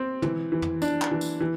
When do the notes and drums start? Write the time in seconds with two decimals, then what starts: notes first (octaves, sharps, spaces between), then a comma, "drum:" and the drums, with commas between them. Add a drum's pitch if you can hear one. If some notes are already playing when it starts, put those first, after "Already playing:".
Already playing: C4
0.22 E3, drum: tom
0.52 E3
0.62 drum: tom
0.82 D4, drum: tambourine
1.01 drum: clap
1.11 E3
1.21 drum: tambourine
1.41 E3